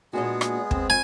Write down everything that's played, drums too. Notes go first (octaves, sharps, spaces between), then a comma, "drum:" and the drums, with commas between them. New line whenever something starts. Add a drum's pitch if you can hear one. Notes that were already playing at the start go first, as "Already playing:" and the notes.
A#2 G#3 B3 D4 F#4 G#4
drum: rim click
C4, drum: kick
F2 G#5